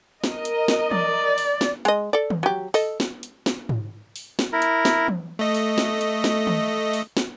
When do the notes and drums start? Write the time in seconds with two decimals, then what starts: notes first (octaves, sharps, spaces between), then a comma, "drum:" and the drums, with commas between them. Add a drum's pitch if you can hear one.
0.24 A#4 D#5, drum: snare
0.45 drum: hi-hat
0.68 drum: snare
0.91 D5, drum: tom E3
1.38 drum: open hi-hat
1.61 drum: snare
1.85 G#3 D#5, drum: hi-hat
2.13 A4 D5
2.30 drum: tom D#3
2.43 F#3 G4
2.74 A4 D#5, drum: open hi-hat
3.00 drum: snare
3.23 drum: hi-hat
3.46 drum: snare
3.69 drum: tom G#2
4.16 drum: open hi-hat
4.39 drum: snare
4.53 E4 A#4
4.62 drum: hi-hat
4.85 drum: snare
5.08 drum: tom E3
5.39 A3 D#5
5.55 drum: open hi-hat
5.78 drum: snare
6.01 drum: hi-hat
6.24 drum: snare
6.47 drum: tom D#3
6.93 drum: open hi-hat
7.17 drum: snare